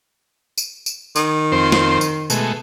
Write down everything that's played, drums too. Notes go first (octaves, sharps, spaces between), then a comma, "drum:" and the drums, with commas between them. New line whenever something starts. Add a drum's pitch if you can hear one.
drum: tambourine
drum: tambourine
D#3, drum: tambourine
F2 C4 C5
drum: snare
drum: tambourine
B2 G#3 A3, drum: tambourine